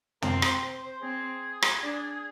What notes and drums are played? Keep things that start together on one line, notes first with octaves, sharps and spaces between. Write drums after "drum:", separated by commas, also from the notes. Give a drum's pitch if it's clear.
C4 A#4, drum: tom
C5, drum: rim click
C5
C5
C4 G#4
drum: rim click
D4